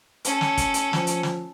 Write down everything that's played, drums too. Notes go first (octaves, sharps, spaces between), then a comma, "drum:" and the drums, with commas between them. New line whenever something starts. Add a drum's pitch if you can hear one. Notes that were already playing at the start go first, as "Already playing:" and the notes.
C#4 A4, drum: hi-hat
drum: snare
drum: kick, hi-hat
drum: hi-hat
F3, drum: snare
drum: hi-hat
drum: snare